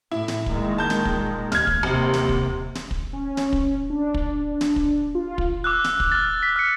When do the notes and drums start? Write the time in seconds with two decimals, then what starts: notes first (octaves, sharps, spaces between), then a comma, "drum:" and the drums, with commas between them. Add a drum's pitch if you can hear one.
0.11 A2 E4
0.28 drum: snare
0.46 A#2 D#3 G#3, drum: kick
0.78 A5 G6
0.90 drum: snare
1.05 drum: kick
1.52 D#2 F6 G#6, drum: snare
1.67 drum: kick
1.83 G#1 D#2 C3 A#3
2.14 drum: snare
2.29 drum: kick
2.75 drum: snare
2.91 drum: kick
3.13 C#4
3.37 drum: snare
3.53 drum: kick
3.90 D4
4.14 drum: kick
4.34 D4
4.61 drum: snare
4.76 drum: kick
5.15 F4
5.38 drum: kick
5.64 D6 E6 F#6
5.84 drum: snare
6.00 drum: kick
6.12 F6 A6
6.43 B6
6.56 F6 C#7